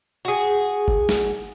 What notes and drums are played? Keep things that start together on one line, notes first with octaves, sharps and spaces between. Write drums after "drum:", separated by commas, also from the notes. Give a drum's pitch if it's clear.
F#4 G#4
drum: kick F#1
drum: snare